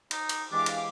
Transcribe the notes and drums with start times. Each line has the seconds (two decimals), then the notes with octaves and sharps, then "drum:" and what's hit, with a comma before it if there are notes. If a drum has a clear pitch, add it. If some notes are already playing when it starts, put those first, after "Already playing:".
0.11 D#4, drum: cymbal
0.29 drum: cymbal
0.52 E3 G#3 D4 G4 F5 D6
0.66 drum: cymbal